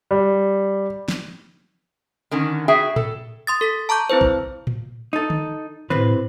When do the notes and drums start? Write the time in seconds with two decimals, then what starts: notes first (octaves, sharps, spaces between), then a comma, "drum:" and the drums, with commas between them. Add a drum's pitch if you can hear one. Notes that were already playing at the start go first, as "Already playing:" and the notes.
0.11 G3
1.08 drum: snare
2.31 D3 D#3 C#4
2.68 F#4 G#4 E5 G5
2.96 A4, drum: tom A2
3.47 C6 D#6 A6
3.61 A4 B6
3.89 A5 A#5 C#6 D6 G6
4.10 C4 E4 B4 C5
4.21 drum: kick
4.67 drum: tom A2
5.13 D#4 A4
5.30 drum: tom D3
5.90 A2 C3 C4 B4, drum: tom D3